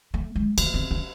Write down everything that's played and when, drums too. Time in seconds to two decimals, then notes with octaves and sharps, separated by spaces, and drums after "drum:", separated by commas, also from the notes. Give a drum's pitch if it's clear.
0.14 A3
0.36 G#3
0.58 A3, drum: cymbal
0.74 C4
0.91 C#4